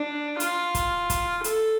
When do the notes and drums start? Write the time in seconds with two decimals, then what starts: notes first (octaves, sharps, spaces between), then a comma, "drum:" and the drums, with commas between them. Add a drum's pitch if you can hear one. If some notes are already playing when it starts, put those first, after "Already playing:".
Already playing: D4
0.40 F4, drum: hi-hat
0.75 drum: kick, hi-hat
1.10 drum: kick, hi-hat
1.44 A4, drum: hi-hat